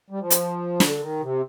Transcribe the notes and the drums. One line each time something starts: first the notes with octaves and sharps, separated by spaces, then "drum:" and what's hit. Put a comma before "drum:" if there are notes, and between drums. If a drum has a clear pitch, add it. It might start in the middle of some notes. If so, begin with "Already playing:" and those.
G3
F3
drum: hi-hat
D3, drum: snare
D#3
C3